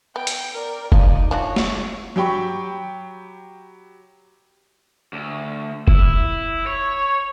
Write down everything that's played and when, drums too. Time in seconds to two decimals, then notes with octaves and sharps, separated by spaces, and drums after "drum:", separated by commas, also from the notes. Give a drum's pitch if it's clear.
0.16 B3 G5
0.27 drum: hi-hat
0.54 A#4 D5
0.92 F3 D#4 D5, drum: kick F1
1.31 F3 D4 F#4 C#5
1.56 drum: snare
2.16 F#3 G4 G5 B5 C#6
5.13 D2
5.88 E4, drum: kick F1
6.67 C#5